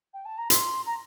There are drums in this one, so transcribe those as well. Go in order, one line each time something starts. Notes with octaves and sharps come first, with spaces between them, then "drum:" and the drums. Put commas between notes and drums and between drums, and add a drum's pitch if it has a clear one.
G5
A5
A#5
C6, drum: hi-hat
A#5